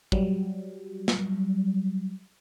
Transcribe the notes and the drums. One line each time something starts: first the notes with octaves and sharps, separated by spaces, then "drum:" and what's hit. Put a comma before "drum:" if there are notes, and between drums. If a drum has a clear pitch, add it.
F#3 G3, drum: kick
drum: snare